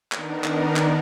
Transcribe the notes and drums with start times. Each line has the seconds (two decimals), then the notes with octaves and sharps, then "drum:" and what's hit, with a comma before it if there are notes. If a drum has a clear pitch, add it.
0.12 D#3 B3 D4 D#4 A#4, drum: clap
0.44 drum: clap
0.76 drum: clap